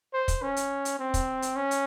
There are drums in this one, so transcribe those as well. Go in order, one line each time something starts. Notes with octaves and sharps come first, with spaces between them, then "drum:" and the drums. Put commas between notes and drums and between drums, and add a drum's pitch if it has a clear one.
C5
drum: kick, hi-hat
C#4
drum: hi-hat
drum: hi-hat
C4
drum: kick, hi-hat
drum: hi-hat
C#4
drum: hi-hat